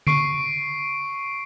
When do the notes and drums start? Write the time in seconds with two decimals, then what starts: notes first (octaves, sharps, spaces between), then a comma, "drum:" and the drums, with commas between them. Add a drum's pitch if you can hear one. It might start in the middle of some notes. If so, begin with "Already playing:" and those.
0.07 C#6 C7 D7, drum: tom D3